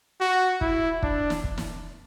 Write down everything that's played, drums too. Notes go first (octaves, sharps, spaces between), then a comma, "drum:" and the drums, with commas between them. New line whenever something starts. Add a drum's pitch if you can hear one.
F#4
E4, drum: kick
D4, drum: kick
drum: snare
drum: kick
drum: snare